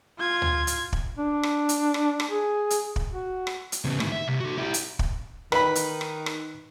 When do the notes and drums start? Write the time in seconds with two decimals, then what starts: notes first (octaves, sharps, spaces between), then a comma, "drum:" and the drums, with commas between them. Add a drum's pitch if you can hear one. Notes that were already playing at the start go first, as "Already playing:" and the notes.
0.18 F4 G#6
0.42 drum: tom D2
0.67 drum: hi-hat
0.93 drum: kick
1.18 D4
1.43 drum: rim click
1.69 drum: hi-hat
1.94 drum: rim click
2.20 drum: rim click
2.31 G#4
2.70 drum: hi-hat
2.96 drum: kick
3.12 F#4
3.47 drum: rim click
3.72 drum: hi-hat
3.84 C#3 B3
4.00 A2 D#3, drum: rim click
4.12 E5
4.28 C2
4.40 F#4 A4
4.58 E4 G4
4.74 drum: hi-hat
4.99 drum: kick
5.52 D#3 B4 B5, drum: rim click
5.75 drum: hi-hat
6.01 drum: rim click
6.26 drum: rim click